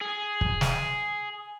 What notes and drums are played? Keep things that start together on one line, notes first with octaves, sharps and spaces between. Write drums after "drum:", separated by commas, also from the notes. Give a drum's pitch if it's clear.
G#4
drum: kick
drum: snare